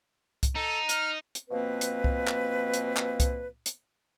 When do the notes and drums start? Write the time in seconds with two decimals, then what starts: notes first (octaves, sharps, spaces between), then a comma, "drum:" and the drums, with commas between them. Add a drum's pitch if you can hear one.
0.43 drum: kick C2, hi-hat
0.55 D#4 A4
0.89 F6, drum: hi-hat
1.35 drum: hi-hat
1.49 B2 F3 A#3 C4 B4
1.81 drum: hi-hat
2.04 drum: kick C2
2.27 drum: clap
2.74 drum: hi-hat
2.97 drum: clap
3.20 drum: kick C2, hi-hat
3.66 drum: hi-hat